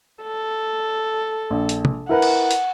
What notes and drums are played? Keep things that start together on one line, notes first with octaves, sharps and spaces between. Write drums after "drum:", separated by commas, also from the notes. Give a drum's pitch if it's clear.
A4
A#1
drum: hi-hat
drum: tom
E4 A#4 B4 F#5
drum: cymbal
drum: hi-hat